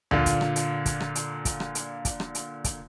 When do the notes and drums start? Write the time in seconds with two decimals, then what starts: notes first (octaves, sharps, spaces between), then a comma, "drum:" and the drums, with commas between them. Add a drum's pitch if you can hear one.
0.11 A#2 D3 F4, drum: tom D2
0.26 drum: kick, hi-hat
0.41 drum: rim click
0.56 drum: hi-hat
0.86 drum: kick, hi-hat
1.00 drum: rim click
1.15 drum: hi-hat
1.45 drum: kick, hi-hat
1.60 drum: rim click
1.75 drum: hi-hat
2.05 drum: kick, hi-hat
2.20 drum: rim click
2.35 drum: hi-hat
2.64 drum: kick, hi-hat